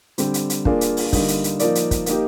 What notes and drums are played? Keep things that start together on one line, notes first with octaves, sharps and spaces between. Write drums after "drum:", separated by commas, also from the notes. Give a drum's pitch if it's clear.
D3 G3 C4 G4, drum: hi-hat
drum: hi-hat
drum: hi-hat
A#3 D4 F4 G#4, drum: kick
drum: hi-hat
drum: open hi-hat
D3 G3 A#3 D#4, drum: kick, open hi-hat
drum: hi-hat
drum: hi-hat
F3 A#3 D#4 A#4 D5, drum: hi-hat
drum: hi-hat
drum: kick, hi-hat
A#3 D#4 G4, drum: hi-hat